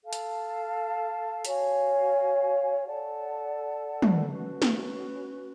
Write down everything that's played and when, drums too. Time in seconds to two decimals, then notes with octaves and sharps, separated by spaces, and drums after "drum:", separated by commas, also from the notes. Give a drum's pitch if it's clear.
0.03 A4 F5 A5
0.13 drum: hi-hat
1.45 F#4 C#5 F5 G#5, drum: hi-hat
2.86 A4 D5 F#5 A5
4.02 drum: tom
4.28 C#4 F#4 B4
4.62 drum: snare